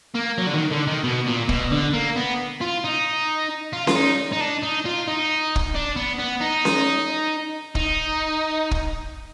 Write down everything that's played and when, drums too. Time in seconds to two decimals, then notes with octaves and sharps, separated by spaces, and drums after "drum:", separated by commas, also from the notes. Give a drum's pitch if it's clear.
0.15 A#3
0.38 F#3
0.47 D3
0.54 D#3
0.71 D3
0.87 D#3
1.04 B2
1.27 A#2
1.49 B2, drum: kick
1.72 D3
1.94 A#3
2.17 B3
2.61 F4
2.84 D#4
3.73 F4
3.87 F4, drum: snare C#4
3.95 D#4
4.32 D#4
4.41 D4
4.63 D#4
4.85 F4
5.07 D#4
5.56 drum: kick
5.75 D4
5.96 B3
6.19 B3
6.41 D#4
6.65 drum: snare C#4
7.75 D#4, drum: kick
8.71 drum: kick